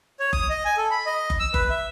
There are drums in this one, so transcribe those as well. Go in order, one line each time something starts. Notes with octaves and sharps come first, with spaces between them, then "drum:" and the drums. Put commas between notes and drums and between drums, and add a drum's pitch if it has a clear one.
C#5
D#6, drum: kick F#1
D#5
G#5
A4
B5
D#5
drum: kick F#1
E6
B4, drum: kick F#1
E5